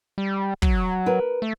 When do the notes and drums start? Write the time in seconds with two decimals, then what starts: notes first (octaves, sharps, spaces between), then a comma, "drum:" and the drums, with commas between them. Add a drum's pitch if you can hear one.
0.18 G3
0.62 F#3, drum: kick
1.06 A#4 B4
1.42 A3